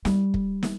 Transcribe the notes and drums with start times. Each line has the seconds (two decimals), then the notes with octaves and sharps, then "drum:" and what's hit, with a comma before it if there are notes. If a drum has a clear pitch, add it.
0.05 G3, drum: snare
0.34 drum: kick
0.63 drum: snare